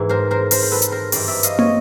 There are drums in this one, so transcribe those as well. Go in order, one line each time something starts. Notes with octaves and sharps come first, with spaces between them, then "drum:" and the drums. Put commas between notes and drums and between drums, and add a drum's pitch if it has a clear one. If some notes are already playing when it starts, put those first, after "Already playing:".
Already playing: G#2 E3
A#4 C5
A#4 C5
A#4 C5, drum: open hi-hat
C5
A4 B4
drum: hi-hat
A#4 C5
G2 E3 C5 D5, drum: open hi-hat
D5 E5
D#5 F5, drum: hi-hat
C#5 D#5, drum: tom